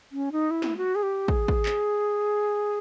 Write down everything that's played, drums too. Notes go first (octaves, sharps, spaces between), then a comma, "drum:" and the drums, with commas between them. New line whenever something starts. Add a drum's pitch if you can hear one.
C#4
D#4
E4
drum: snare
F#4
G#4
G4
G#4, drum: kick
drum: kick
drum: clap